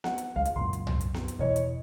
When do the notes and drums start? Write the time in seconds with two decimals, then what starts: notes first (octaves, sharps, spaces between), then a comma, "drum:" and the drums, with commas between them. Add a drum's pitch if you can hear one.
0.04 F#5, drum: snare B3
0.18 drum: hi-hat
0.36 C#2 G#3 F5
0.45 drum: hi-hat
0.56 C#2 F#2 A#2 C6
0.73 drum: hi-hat
0.87 drum: tom C2
1.01 drum: hi-hat
1.14 drum: snare B3
1.28 drum: hi-hat
1.39 E1 E3 C#5 D#5
1.56 drum: hi-hat